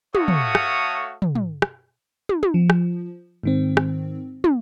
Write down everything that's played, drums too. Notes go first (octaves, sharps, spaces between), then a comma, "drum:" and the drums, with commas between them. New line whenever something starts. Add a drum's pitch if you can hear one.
A3 F#4 A4 C#5 F5 D#6, drum: tom
drum: tom
drum: rim click
drum: tom
drum: tom
drum: rim click
drum: tom
drum: tom
F3
drum: rim click
G#2 D#3 C4
drum: rim click
drum: tom